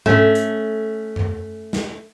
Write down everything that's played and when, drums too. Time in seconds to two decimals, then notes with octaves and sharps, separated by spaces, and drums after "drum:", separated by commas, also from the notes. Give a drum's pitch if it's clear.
0.06 A3 C#4, drum: tom G#2
0.35 drum: hi-hat
1.16 drum: tom F#2
1.73 drum: snare